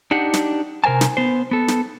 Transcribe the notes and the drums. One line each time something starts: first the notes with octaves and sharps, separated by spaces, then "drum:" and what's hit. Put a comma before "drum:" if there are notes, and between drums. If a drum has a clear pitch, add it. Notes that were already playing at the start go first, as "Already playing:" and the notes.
D4 D#4 G4 F#5
drum: snare
C3 A#4 C5 G#5 A5
drum: snare
B3 C5
B3 A4
drum: snare